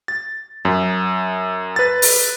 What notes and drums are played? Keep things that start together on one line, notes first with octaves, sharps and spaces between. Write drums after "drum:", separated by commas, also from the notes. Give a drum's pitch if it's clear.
A6
F#2
B4 A6
drum: open hi-hat